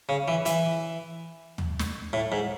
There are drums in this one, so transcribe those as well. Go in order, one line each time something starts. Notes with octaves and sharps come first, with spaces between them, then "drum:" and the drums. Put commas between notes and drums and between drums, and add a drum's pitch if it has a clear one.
C#3
E3
E3, drum: hi-hat
drum: tom
drum: snare
A2
G#2